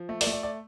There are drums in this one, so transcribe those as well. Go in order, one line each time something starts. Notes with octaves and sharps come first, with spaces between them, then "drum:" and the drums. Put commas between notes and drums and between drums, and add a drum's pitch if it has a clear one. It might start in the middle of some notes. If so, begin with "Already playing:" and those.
Already playing: F3
A3
D5, drum: open hi-hat
A3
D5
D5